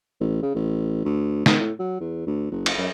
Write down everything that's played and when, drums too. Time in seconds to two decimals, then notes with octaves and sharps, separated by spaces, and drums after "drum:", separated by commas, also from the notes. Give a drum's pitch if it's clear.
0.21 A1
0.43 C#3
0.55 A1
1.05 D2
1.46 D#3, drum: snare
1.60 A2
1.79 F#3
2.00 E2
2.27 D2
2.51 F#1
2.66 drum: cymbal
2.78 F#2